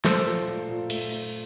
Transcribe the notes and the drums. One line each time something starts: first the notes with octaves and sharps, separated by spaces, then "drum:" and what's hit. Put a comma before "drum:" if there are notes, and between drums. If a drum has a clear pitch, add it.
A3 A4 C5, drum: snare
A#2
A#2
A#2
A3, drum: cymbal
A3